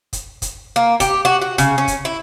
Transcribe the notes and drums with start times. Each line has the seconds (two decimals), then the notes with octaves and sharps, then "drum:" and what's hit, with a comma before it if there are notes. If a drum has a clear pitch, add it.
0.13 drum: kick, hi-hat
0.42 drum: kick, hi-hat
0.76 A#3
1.00 G4, drum: kick, hi-hat
1.25 F#4
1.41 F#4
1.58 C#3, drum: kick, hi-hat
1.78 C#4
1.88 drum: kick, hi-hat
2.05 E4